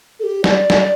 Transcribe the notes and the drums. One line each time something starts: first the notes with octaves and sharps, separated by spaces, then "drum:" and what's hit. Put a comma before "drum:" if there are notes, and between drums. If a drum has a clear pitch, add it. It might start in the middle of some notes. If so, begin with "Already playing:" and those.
A4
G4
D5, drum: snare
drum: snare